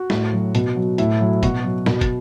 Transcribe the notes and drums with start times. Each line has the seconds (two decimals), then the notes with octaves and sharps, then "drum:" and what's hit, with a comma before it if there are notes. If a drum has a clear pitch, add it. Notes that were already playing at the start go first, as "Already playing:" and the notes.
Already playing: F#4
0.10 A2, drum: snare
0.33 F#3
0.55 B2, drum: hi-hat
0.76 F#3
0.98 A2 E4, drum: hi-hat
1.20 F#3
1.43 B2 F#4, drum: kick, hi-hat
1.64 F#3
1.86 B2, drum: snare
2.01 drum: kick, hi-hat